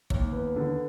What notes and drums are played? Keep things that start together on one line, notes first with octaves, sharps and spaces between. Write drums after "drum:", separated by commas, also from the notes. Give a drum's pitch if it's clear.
D#2, drum: kick
B3
D3